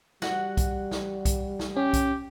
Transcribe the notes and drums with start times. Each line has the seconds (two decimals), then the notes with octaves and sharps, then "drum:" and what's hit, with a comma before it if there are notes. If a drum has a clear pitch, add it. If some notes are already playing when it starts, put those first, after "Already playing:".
0.22 G3 F#4 F#5, drum: snare
0.57 drum: kick B1, hi-hat
0.91 drum: snare
1.25 drum: kick B1, hi-hat
1.59 drum: snare
1.76 C#4 G4
1.93 drum: kick B1, hi-hat